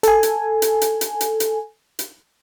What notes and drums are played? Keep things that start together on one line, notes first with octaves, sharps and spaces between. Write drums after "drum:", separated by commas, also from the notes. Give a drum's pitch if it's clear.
A4 G#5, drum: hi-hat
drum: hi-hat
drum: hi-hat
drum: hi-hat
drum: hi-hat
drum: hi-hat
drum: hi-hat
drum: hi-hat